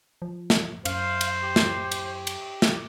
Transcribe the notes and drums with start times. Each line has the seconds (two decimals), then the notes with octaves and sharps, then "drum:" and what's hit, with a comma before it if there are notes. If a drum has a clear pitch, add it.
0.22 F3
0.50 drum: snare
0.85 F#2 C5 F5, drum: cymbal
1.21 drum: cymbal
1.43 G4
1.56 drum: snare
1.91 drum: cymbal
2.27 drum: cymbal
2.62 drum: snare